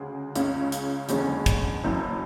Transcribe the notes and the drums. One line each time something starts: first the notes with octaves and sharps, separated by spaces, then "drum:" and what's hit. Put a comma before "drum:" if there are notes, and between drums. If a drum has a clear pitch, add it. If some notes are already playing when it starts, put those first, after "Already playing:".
Already playing: D2 C#3 G#3
C#2 C#3 G#3 C#4, drum: hi-hat
drum: hi-hat
F#1 E2 D3 G#3 C#4, drum: hi-hat
drum: kick, hi-hat
F#1 F#2 E3